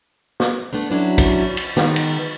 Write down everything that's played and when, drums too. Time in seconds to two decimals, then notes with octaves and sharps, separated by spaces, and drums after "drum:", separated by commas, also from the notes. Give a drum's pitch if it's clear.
0.40 drum: snare
0.73 A3 B3 D4
0.91 F#3 C#4 D4 E4 F#4
1.18 drum: kick, cymbal
1.57 drum: cymbal
1.77 D#3 G#3 B3, drum: snare
1.96 drum: cymbal